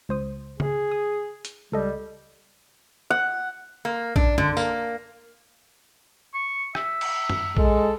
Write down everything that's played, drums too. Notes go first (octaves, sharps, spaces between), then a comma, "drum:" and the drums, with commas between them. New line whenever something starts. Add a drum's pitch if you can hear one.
C#2 C5 D#6
G#4, drum: tom
D#6
drum: hi-hat
C#2 G3 A4 D#5
F#5
A#3
D4, drum: kick A#1
D3, drum: tom F#2
A#3, drum: tambourine
C#6
E5, drum: rim click
drum: cymbal
drum: tom F#2
G#3 A4, drum: kick A#1